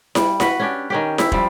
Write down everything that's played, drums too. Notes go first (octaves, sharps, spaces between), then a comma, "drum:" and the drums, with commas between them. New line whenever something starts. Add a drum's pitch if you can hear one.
G3, drum: snare E4
F#4 B4, drum: snare E4
C#4 D4 G4
D#3 C#4 G4
E4, drum: snare E4
F3 G3, drum: kick